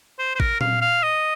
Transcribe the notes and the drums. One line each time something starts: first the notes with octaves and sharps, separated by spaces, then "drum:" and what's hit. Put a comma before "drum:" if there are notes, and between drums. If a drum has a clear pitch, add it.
C5
C5
A#4, drum: kick A1
F5, drum: tom A#2
F5
D#5